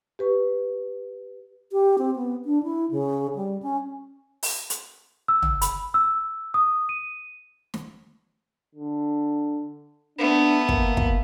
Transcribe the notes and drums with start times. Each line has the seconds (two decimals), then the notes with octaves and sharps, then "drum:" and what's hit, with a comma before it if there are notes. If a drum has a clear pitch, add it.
0.19 G4 B4 C#6
1.72 G4
1.98 C4
2.16 B3
2.45 D4
2.63 E4
2.91 C#3
3.35 G3
3.62 C#4
4.43 drum: open hi-hat
4.70 drum: hi-hat
5.28 E6
5.42 drum: tom
5.62 B5, drum: hi-hat
5.94 E6
6.54 D#6
6.89 D#7
7.74 drum: snare
8.75 D3
10.18 A3 B3 D4
10.69 A#3, drum: kick
10.97 drum: kick